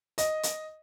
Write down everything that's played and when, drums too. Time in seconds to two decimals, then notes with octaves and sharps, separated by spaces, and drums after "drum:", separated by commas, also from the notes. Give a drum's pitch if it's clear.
0.18 D#5, drum: hi-hat
0.43 drum: hi-hat